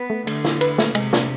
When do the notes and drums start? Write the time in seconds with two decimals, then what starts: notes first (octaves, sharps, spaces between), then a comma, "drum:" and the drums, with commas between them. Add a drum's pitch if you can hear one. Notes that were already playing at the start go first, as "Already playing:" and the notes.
Already playing: B3 B4
0.10 A3
0.27 D3 A3, drum: cymbal
0.45 E4, drum: snare
0.61 B4, drum: cymbal
0.78 A3, drum: snare
0.95 C3 G#3, drum: cymbal
1.13 D4, drum: snare